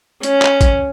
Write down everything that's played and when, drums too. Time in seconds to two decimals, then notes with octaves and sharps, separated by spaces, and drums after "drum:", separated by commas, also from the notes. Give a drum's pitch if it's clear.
0.23 C#4, drum: hi-hat
0.42 drum: clap
0.61 drum: kick, hi-hat